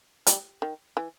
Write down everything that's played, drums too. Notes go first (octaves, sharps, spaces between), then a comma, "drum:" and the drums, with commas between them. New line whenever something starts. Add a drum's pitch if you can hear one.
G3, drum: hi-hat
D#3
E3